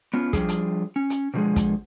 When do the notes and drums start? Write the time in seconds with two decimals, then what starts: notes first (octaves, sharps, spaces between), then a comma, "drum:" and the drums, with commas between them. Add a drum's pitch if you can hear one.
0.14 B3 C#4 F4
0.33 F3 G3 D4 F4 G#4, drum: kick, hi-hat
0.48 drum: hi-hat
0.96 C#4
1.10 drum: hi-hat
1.34 B2 D3 F3 G3 G#3 G#4
1.56 drum: kick, hi-hat